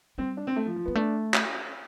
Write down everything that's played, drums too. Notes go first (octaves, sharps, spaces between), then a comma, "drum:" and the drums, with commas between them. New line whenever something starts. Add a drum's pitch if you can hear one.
G3 C4
D4
C4
A3
F3
F3
G3 B3
A3 D4
drum: clap